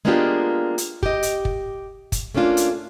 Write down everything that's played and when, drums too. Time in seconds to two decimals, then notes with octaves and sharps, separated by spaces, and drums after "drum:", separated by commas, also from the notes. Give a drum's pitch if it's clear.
0.05 G#3 A#3 B3 D4 F4 G4
0.78 drum: hi-hat
1.03 G4 D#5, drum: kick
1.23 drum: hi-hat
1.45 drum: kick
2.12 drum: kick, hi-hat
2.34 A3 A#3 C#4 D4 F4
2.57 drum: hi-hat